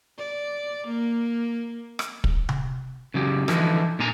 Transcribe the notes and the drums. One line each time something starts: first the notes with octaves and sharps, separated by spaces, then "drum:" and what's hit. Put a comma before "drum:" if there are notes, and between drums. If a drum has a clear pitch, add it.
D5
A#3
drum: rim click
drum: kick
drum: tom C3
C#3 F#3 G4
D3 E3 F3 D#4 B4, drum: rim click
A#2 D4 G#5 A#5